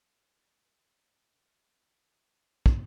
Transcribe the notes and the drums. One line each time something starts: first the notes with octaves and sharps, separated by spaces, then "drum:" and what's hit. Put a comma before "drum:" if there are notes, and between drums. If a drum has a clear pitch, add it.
D4 A#4 C#5
drum: kick